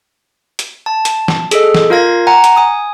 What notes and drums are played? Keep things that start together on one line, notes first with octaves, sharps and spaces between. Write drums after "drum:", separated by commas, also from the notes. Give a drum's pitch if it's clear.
drum: hi-hat
A5
drum: hi-hat
drum: snare
G#4 A4 D#5, drum: hi-hat
drum: snare
F4 A#4 F5 G#6 A#6
F#5 G#5 A#5
drum: hi-hat
G#5 D#6